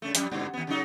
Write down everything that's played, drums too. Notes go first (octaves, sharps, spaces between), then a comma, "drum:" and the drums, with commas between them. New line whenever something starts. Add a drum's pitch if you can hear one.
G2 C#3 A3
F2 G3, drum: hi-hat
G2 B2 D3
D#2 B3
C#3 F#3 D#4